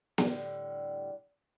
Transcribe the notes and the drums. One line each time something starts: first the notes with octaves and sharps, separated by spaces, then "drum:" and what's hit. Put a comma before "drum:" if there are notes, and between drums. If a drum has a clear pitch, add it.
A2 D3 F#3 G3, drum: snare